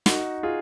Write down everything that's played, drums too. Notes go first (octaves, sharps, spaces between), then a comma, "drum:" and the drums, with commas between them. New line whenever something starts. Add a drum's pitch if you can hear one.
D#4 F#4, drum: snare
F4 G#4